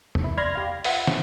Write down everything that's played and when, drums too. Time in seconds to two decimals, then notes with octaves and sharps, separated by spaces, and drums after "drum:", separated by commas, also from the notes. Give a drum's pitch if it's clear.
0.15 drum: tom E2
0.24 E4
0.37 D5 B5 C6 F6 G#6 A#6
0.55 G4 F5
0.84 F4 B4 E5 F#5, drum: open hi-hat
1.07 C#4, drum: snare